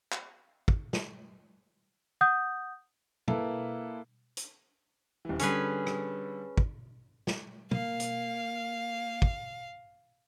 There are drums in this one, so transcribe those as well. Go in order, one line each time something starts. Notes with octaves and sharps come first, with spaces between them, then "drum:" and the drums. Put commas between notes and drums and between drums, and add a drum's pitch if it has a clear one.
drum: clap
drum: kick
drum: snare
F#5 D#6 G6
A#3 E4 A4 B4, drum: tom
drum: hi-hat
D#1 E3
D3 G3 C#4 G#4 B4, drum: hi-hat
drum: rim click
drum: kick
drum: snare
A#3 F5, drum: tom
drum: hi-hat
drum: kick